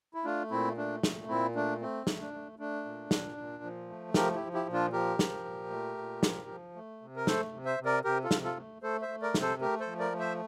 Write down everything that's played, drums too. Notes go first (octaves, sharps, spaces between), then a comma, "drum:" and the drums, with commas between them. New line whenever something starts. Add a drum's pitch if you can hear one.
E4
A3 D4 F4
A#2 C4 E4
A3 D4
A#2, drum: snare
A#2 C4 E4
A3 D4
A3 C4
A3, drum: snare
D4
A3
A3 D4
A#2
A#2, drum: snare
A#2
F3
A3
F3 G4 A#4, drum: snare
E4 G4
F3
E4 G4
A#2
D4 F4
F3 G4 A#4
F3, drum: snare
A#2
A3
A#2
F3, drum: snare
F3
A3
C3
A#4
A3 A4 C5, drum: snare
C3
C5 E5
C3
A#4 D5
C3 G4 A#4
F4 A4
C3, drum: snare
F4 A4
A3
A3 A4 C5
C5 E5
A3
A#4 D5
C3, drum: snare
A4 C5
A3 G4 A#4
A4 C5
F3
A#4 D5
A3
C5 E5